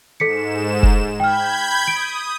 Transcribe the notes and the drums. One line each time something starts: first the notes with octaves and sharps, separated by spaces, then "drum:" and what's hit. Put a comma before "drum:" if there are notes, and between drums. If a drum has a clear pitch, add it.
G#2 A4 B6 C#7 E7
drum: kick
G5 B5 F6 G6 G#6
D#6 D7